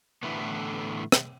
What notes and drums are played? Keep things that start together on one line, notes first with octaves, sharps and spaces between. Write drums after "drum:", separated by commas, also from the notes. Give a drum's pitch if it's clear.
A2 D3 E3 A3 B3
drum: rim click